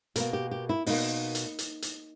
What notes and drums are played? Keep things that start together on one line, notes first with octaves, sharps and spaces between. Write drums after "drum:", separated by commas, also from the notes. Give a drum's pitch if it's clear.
B2 A#3 A#4, drum: hi-hat
G4
G4
E4
B2 A#3 D#4, drum: open hi-hat
drum: hi-hat
drum: hi-hat
drum: hi-hat